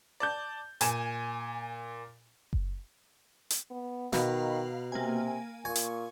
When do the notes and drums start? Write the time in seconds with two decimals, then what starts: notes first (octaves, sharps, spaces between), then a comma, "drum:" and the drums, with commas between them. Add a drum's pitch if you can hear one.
0.20 D5 A5 G6
0.81 A#2 G#5 E7, drum: hi-hat
2.53 drum: kick F#1
3.50 drum: hi-hat
3.71 B3
4.13 B2 D#3 F5 A#5 B5, drum: snare
4.92 C3 A#3 G#5
5.65 A#2 G#5 C#6
5.76 drum: hi-hat